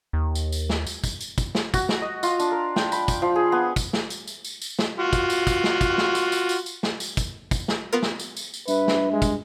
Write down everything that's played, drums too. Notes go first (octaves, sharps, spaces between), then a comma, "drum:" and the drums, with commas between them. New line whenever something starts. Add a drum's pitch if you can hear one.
D#2
drum: tambourine
drum: tambourine
drum: snare
drum: tambourine
drum: kick, tambourine
drum: tambourine
drum: kick, tambourine
drum: snare
F#4, drum: kick, tambourine
drum: snare
D#5
F4, drum: tambourine
D4, drum: tambourine
A#4
G5, drum: snare
B5, drum: tambourine
drum: kick, tambourine
F3
G#4
B3
drum: kick, tambourine
drum: snare
drum: tambourine
drum: tambourine
drum: tambourine
drum: tambourine
drum: snare
F4 F#4
drum: kick, tambourine
drum: tambourine
drum: kick, tambourine
drum: snare
drum: kick, tambourine
drum: snare
drum: tambourine
drum: tambourine
drum: tambourine
drum: tambourine
drum: snare
drum: tambourine
drum: kick, tambourine
drum: kick, tambourine
drum: snare
B3 F4 A#4
drum: snare
drum: tambourine
drum: tambourine
drum: tambourine
G2 B4 E5, drum: tambourine
drum: snare
G#3
drum: kick, tambourine